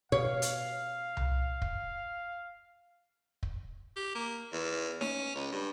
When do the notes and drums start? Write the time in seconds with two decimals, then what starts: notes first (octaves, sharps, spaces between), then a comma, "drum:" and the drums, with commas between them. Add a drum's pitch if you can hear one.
0.12 B2 C#5 F5
0.42 drum: hi-hat
1.17 drum: tom C2
1.62 drum: kick
3.43 drum: kick
3.97 G4
4.15 A#3
4.53 E2
5.01 C#4, drum: snare D#4
5.35 C#2
5.52 G2